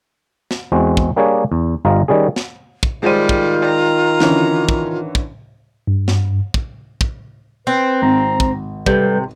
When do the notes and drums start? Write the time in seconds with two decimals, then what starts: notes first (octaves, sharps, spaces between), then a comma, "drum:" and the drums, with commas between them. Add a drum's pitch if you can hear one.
0.51 drum: snare
0.72 E2 G#3 C4 F#4
0.97 drum: kick
1.16 G3 A#3 D4 G#4 C#5
1.52 E2
1.85 G1 G2 F4 D#5 A#5
2.08 D#3 G3 C#4 G#4
2.36 drum: snare
2.83 drum: kick
3.03 D#3 G3 G#3 F4 C5 D#7
3.29 drum: kick
3.65 A#5
4.20 D3 E3 C#4, drum: snare
4.69 drum: kick
5.15 drum: kick
5.87 G2
6.08 drum: snare
6.54 drum: kick
7.01 drum: kick
7.67 C4 B4
8.02 G#1 A#5
8.40 drum: kick
8.86 C3 G3 A4 B4 G6, drum: kick